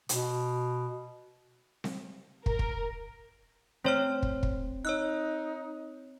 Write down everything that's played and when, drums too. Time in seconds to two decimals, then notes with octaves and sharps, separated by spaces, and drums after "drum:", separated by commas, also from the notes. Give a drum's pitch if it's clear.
0.09 B2, drum: hi-hat
1.84 drum: snare C4
2.46 A#4, drum: kick
2.59 drum: kick
3.84 A3 C4 C#5 F6 E7
4.23 drum: kick
4.43 drum: kick
4.85 D#4 C#5 E6 F#6